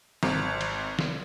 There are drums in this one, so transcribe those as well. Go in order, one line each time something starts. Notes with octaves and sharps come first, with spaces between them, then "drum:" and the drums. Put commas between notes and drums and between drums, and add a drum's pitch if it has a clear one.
G#1, drum: snare
drum: cymbal
drum: snare